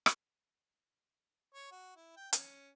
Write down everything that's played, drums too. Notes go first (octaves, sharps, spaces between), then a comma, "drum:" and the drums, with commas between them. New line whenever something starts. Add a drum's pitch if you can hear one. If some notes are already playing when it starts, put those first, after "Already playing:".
drum: rim click
C#5
F#4
E4
G5
C#4, drum: hi-hat